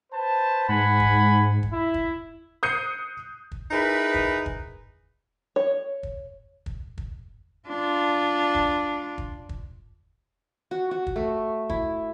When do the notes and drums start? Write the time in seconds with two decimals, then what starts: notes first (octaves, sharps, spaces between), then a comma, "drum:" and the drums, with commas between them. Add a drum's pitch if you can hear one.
0.12 B4 C5 A5
0.69 G#2 F#5 G#5 B5
1.00 drum: kick
1.63 drum: kick
1.72 E4
1.94 drum: kick
2.63 D#6 F#6 G6 C7 C#7 D#7
3.52 drum: kick
3.71 D#4 E4 G#4 A#4 B4
4.14 drum: kick
4.46 drum: kick
5.56 C#5
6.03 drum: kick
6.66 drum: kick
6.98 drum: kick
7.68 D4 F4
8.55 drum: kick
9.18 drum: kick
9.49 drum: kick
10.71 F#4
10.91 F#4
11.07 drum: kick
11.16 A3
11.70 E4, drum: kick